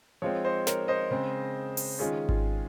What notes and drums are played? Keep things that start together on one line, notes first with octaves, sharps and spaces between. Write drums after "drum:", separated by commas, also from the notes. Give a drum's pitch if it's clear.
F3 G#3 C4 C#5 F5
C5 D#5
A#4 C#5, drum: snare
C5 D#5
C#3 G#3 C4
drum: open hi-hat
D#3 G#3 C#4 F4 G#4
F4, drum: kick G#1